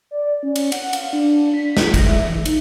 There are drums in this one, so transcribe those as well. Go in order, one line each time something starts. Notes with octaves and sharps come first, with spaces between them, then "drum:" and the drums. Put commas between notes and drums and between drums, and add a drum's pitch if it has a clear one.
D5
C#4
drum: cymbal
F#5, drum: cymbal
F5, drum: cymbal
D4
B6
drum: snare
A#6, drum: kick, cymbal
E5
E3
D#4, drum: cymbal